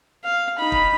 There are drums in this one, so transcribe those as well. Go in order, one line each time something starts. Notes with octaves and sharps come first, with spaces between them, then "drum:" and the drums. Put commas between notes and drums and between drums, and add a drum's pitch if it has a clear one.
F5
D#4 B5
drum: kick